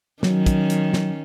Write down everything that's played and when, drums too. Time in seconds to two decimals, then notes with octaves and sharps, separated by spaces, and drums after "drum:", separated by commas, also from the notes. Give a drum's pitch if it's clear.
0.23 D#3 F#3 C#4, drum: snare
0.46 drum: kick, hi-hat
0.70 drum: hi-hat
0.93 drum: snare